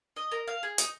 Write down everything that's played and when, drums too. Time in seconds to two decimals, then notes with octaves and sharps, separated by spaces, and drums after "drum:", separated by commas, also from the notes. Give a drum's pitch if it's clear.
0.16 D#5
0.32 A#4
0.48 F5
0.63 G#4
0.78 D#4, drum: hi-hat